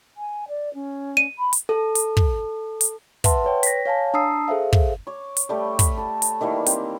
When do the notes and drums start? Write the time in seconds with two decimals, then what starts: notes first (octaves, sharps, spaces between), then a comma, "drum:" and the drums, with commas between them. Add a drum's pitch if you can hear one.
0.17 G#5
0.48 D5
0.74 C#4
1.17 D#7
1.38 B5
1.53 drum: hi-hat
1.69 A4
1.95 drum: hi-hat
2.17 drum: kick
2.81 drum: hi-hat
3.24 B4 E5 F#5 A5 C6, drum: kick, hi-hat
3.45 B4 C#5 G5
3.63 A#6 B6, drum: hi-hat
3.86 C#5 F5 G#5 A5
4.14 D4 A5 A#5 D#6 E6 C7
4.48 G#4 A4 C5 E5 F5
4.73 drum: kick
5.07 C#5 D6
5.37 drum: hi-hat
5.49 G3 A3 G4
5.79 B5, drum: kick, hi-hat
5.97 A4
6.22 drum: hi-hat
6.41 D#3 E3 G3 A#3
6.66 C4 G4 C5, drum: hi-hat